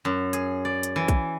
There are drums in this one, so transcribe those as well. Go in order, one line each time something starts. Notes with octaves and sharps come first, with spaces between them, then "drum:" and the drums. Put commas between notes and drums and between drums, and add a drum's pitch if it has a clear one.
F#2
G#4, drum: hi-hat
D5
drum: hi-hat
E3
drum: kick, hi-hat